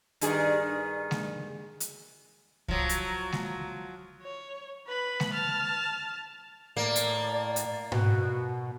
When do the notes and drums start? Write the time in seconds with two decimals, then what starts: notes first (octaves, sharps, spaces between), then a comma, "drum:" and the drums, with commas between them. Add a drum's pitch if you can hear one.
0.21 G2 D#3 G#4, drum: hi-hat
1.11 drum: snare G#3
1.80 drum: hi-hat
2.68 F3 F#3, drum: kick C2
2.89 drum: hi-hat
3.32 drum: snare G#3
4.22 C#5
4.87 B4 B5
5.20 drum: snare G#3
5.33 A5 F6
6.77 A2 A#3 D5
6.96 drum: hi-hat
7.56 drum: hi-hat
7.92 B2 F#4, drum: tom G#2